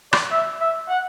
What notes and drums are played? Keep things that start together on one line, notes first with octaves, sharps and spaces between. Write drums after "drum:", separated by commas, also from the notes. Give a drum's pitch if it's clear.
D5, drum: rim click
E5
E5
F#5